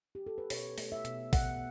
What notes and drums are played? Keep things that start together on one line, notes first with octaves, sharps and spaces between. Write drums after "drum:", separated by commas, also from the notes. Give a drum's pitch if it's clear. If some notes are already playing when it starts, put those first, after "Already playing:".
G4
A4
B4
B2 C#5, drum: open hi-hat
A3, drum: open hi-hat
E5
B2, drum: hi-hat
B2 F#5, drum: kick, open hi-hat